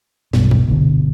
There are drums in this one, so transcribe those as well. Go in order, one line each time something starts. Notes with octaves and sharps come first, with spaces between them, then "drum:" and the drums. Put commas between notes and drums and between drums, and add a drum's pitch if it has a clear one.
B1 G2 B2, drum: snare
drum: kick
G1 C2 B2 D3